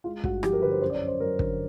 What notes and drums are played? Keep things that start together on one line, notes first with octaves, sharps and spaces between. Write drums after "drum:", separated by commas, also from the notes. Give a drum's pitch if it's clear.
G#3 F4
G2 F#4, drum: kick
F3 G4, drum: rim click
A#4
D3 B4
C5
F#2 C5
D5
C#5
F#2
C5
F#3 A#4
D3, drum: kick